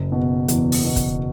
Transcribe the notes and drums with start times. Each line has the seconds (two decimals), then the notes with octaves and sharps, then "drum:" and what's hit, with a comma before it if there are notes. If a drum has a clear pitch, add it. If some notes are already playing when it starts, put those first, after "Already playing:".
Already playing: F#1
0.12 B2
0.48 E2, drum: hi-hat
0.72 drum: open hi-hat
0.85 B2
0.96 drum: kick, hi-hat